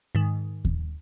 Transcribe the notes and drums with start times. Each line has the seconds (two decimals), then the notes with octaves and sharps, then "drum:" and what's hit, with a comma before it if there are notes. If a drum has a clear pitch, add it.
0.15 G#2 D#3
0.65 drum: kick D#2